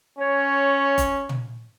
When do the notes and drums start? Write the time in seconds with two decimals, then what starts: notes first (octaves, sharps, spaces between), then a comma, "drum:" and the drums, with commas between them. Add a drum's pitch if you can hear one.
0.19 C#4 C#5
0.98 drum: kick F#1, hi-hat
1.29 drum: tom